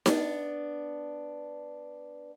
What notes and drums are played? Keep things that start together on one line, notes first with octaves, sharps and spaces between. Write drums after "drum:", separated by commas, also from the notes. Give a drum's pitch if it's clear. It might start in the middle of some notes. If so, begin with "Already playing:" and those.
B3 D4, drum: snare D#4